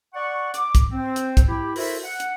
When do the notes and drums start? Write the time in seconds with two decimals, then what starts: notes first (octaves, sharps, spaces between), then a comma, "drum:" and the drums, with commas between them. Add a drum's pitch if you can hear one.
0.14 D5 F#5 C#6
0.54 D6, drum: hi-hat
0.75 drum: kick, hi-hat
0.92 C4
1.16 drum: hi-hat
1.37 drum: kick, hi-hat
1.47 E4 G4
1.76 E4 F#4 A4 A#4 C5 E5, drum: open hi-hat
2.04 F#5
2.20 drum: hi-hat